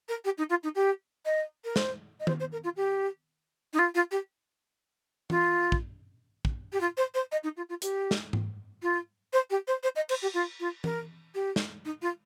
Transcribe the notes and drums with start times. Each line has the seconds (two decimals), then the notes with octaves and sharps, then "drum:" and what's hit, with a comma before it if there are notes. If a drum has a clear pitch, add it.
0.08 A#4
0.24 G4
0.37 D#4
0.49 F4
0.63 D#4
0.75 G4
1.25 D#5
1.64 A#4
1.76 C5, drum: snare
2.20 D#5
2.27 C5, drum: tom D#3
2.40 C5
2.52 A#4
2.64 F4
2.76 G4
3.73 D#4
3.78 F4
3.94 F4
4.11 G4
5.30 F4, drum: tom E3
5.72 drum: kick
6.45 drum: kick
6.72 G4
6.80 F4
6.97 C5
7.14 C5
7.31 D#5
7.43 D#4
7.57 F4
7.69 F4
7.82 G4, drum: hi-hat
8.11 drum: snare
8.33 drum: tom G#2
8.82 F4
9.33 C5
9.50 G4
9.67 C5
9.83 C5
9.95 D#5
10.09 C5, drum: cymbal
10.22 G4
10.34 F4
10.59 F4
10.84 A#4, drum: tom E3
11.34 G4
11.56 drum: snare
11.85 D#4
12.01 F4